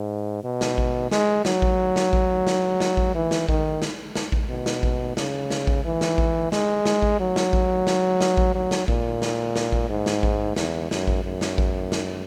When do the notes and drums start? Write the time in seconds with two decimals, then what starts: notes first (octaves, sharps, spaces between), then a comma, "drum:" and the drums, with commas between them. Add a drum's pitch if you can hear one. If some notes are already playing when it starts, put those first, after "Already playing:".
Already playing: G#2
0.44 B2
0.61 drum: snare
0.78 drum: kick A1
1.11 G#3, drum: snare
1.45 F#3, drum: snare
1.62 drum: kick A1
1.96 drum: snare
2.13 drum: kick A1
2.47 drum: snare
2.80 drum: snare
2.97 drum: kick A1
3.15 E3
3.31 drum: snare
3.49 D#3, drum: kick A1
3.82 drum: snare
4.15 drum: snare
4.32 drum: kick A1
4.50 B2
4.66 drum: snare
4.83 drum: kick A1
5.17 C#3, drum: snare
5.50 drum: snare
5.67 drum: kick A1
5.85 E3
6.01 drum: snare
6.18 drum: kick A1
6.52 G#3, drum: snare
6.86 drum: snare
7.02 drum: kick A1
7.20 F#3
7.36 drum: snare
7.53 drum: kick A1
7.87 drum: snare
8.21 drum: snare
8.37 drum: kick A1
8.55 F#3
8.71 drum: snare
8.88 A#2, drum: kick A1
9.22 drum: snare
9.56 drum: snare
9.72 drum: kick A1
9.89 G#2
10.06 drum: snare
10.23 drum: kick A1
10.56 E2, drum: snare
10.91 F#2, drum: snare
11.07 drum: kick A1
11.24 F#2
11.41 drum: snare
11.58 drum: kick A1
11.92 drum: snare